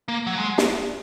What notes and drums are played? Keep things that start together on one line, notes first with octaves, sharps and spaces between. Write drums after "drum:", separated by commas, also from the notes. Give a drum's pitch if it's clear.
A#3
F#3
G#3
drum: snare